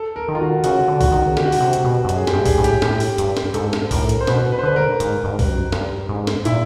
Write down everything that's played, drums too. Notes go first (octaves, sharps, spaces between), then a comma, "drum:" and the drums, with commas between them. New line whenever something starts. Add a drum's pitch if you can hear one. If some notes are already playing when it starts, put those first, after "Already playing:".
Already playing: A4
A#4
D#3
F4
F#4
C#3 F#4, drum: hi-hat
D3
F#4, drum: kick B1, open hi-hat
D#3
C#3
D3 G4, drum: snare
F#4
G4, drum: open hi-hat
C3
drum: hi-hat
B2
G2
F#2, drum: hi-hat
G#4
G4, drum: snare
G2
G#4, drum: kick B1, open hi-hat
A2
G4, drum: hi-hat
A2 G4, drum: snare
drum: open hi-hat
G2, drum: hi-hat
drum: snare
G#2 A4, drum: hi-hat
drum: snare
A2 A#4, drum: kick B1, open hi-hat
drum: hi-hat
C5
B2 B4, drum: snare
B4
C5
D3 B4
A#4
G#2, drum: hi-hat
G2
G#2
G2, drum: kick B1, open hi-hat
F#2
G2, drum: snare
G#2
drum: snare
A#2 E4, drum: hi-hat